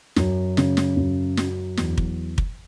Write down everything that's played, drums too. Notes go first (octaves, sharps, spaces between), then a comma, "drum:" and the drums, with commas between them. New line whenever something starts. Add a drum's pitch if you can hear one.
F#2, drum: snare
C#3, drum: snare
drum: snare
F#2
F#3, drum: snare
E2, drum: snare
drum: kick
drum: kick